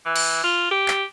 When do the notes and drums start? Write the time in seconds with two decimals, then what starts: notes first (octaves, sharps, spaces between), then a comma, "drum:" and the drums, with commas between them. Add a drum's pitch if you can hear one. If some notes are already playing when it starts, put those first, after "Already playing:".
0.06 E3
0.16 drum: cymbal
0.44 F4
0.71 G4
0.88 drum: clap